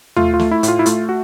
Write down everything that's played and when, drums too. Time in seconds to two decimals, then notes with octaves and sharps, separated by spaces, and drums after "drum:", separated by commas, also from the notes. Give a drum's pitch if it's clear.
0.16 A3 F4, drum: tom
0.34 F4
0.39 A3, drum: snare
0.51 E4
0.63 A2, drum: hi-hat
0.68 F4
0.79 E4
0.86 A3 F4, drum: hi-hat
1.09 F#4